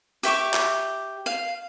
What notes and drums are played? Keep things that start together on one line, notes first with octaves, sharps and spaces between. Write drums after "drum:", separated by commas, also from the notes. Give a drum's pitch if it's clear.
G4 E5 C#6 D6, drum: hi-hat
drum: clap
F5